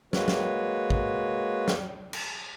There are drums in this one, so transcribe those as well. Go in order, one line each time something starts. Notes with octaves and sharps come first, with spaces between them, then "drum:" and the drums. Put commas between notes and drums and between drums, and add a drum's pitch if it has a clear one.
G#3 A#3 F#4 B4 C#5, drum: snare
drum: snare
drum: kick
drum: snare
drum: cymbal